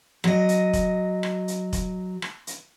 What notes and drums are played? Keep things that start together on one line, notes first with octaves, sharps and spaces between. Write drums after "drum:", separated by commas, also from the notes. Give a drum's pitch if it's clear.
F#3 D#5, drum: rim click
drum: hi-hat
drum: kick, hi-hat
drum: rim click
drum: hi-hat
drum: kick, hi-hat
drum: rim click
drum: hi-hat